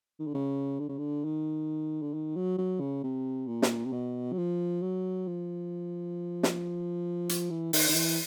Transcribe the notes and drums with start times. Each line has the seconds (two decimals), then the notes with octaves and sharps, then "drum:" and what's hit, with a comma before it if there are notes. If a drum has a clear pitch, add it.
0.19 D#3
0.27 D3
0.34 C#3
0.79 D3
0.88 C#3
0.98 D3
1.24 D#3
2.02 D3
2.14 D#3
2.36 F#3
2.58 F#3
2.80 C#3
3.03 C3
3.47 A#2
3.62 drum: snare
3.85 C3
3.92 B2
4.32 F#3
4.38 F3
4.81 F#3
5.27 F3
6.43 drum: snare
7.29 drum: hi-hat
7.50 E3
7.73 D#3, drum: open hi-hat
7.89 D#3
7.95 E3